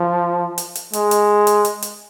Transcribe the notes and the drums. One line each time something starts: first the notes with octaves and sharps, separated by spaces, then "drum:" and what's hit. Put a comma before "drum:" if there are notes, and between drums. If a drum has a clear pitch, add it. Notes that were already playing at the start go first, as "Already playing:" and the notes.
Already playing: F3
drum: hi-hat
drum: hi-hat
G#3, drum: hi-hat
drum: hi-hat
drum: hi-hat
drum: hi-hat
drum: hi-hat